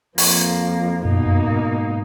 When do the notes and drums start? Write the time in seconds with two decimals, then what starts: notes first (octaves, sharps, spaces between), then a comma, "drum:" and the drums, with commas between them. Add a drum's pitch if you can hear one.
0.18 F2 F3 A#3, drum: open hi-hat
1.05 F#2 B2 A#3 D#4
1.26 F#2
1.47 G#2